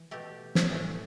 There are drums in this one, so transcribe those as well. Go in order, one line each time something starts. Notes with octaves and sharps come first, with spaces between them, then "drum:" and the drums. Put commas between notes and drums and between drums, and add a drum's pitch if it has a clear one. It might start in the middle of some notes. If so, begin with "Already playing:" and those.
Already playing: E3
B2 A3 G4
drum: snare
A2 E3 A3